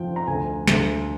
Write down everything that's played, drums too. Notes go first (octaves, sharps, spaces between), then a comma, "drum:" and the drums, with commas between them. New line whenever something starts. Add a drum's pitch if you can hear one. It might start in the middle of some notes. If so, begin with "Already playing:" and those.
Already playing: F1 F3 G5
A#5
D2 G#5
D2, drum: snare